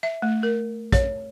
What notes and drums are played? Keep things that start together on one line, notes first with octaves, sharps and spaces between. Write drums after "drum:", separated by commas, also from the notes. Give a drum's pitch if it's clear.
E5
A3
A#4
C#5, drum: kick, hi-hat